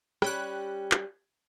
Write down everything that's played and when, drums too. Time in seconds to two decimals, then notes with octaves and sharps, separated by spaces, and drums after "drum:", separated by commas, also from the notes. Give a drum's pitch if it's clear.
0.22 G3 C#4 G5 B5 F#6, drum: rim click
0.92 drum: clap